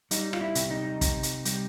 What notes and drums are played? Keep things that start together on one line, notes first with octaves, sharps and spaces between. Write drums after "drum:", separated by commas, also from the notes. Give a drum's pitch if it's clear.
G3 D#4, drum: hi-hat
F4, drum: rim click
E4
C3, drum: hi-hat
D#4
C3, drum: kick, hi-hat
drum: hi-hat
G3, drum: hi-hat